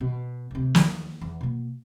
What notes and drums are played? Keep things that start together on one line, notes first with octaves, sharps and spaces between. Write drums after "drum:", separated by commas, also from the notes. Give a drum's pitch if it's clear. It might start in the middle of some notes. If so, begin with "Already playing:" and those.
B2
D2 C3
D#2 F3, drum: snare
E2
B2 A#3